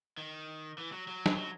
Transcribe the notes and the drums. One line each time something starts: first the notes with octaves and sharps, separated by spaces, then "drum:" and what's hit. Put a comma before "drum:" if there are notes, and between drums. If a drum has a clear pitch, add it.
D#3
E3
F#3
F#3
drum: snare
F#3